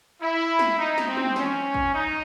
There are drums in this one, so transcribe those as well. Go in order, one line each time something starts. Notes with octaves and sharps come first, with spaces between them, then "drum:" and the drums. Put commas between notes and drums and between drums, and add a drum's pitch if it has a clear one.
E4
drum: snare
D#4
drum: snare
C4
drum: tom
C#4, drum: snare
drum: kick
D#4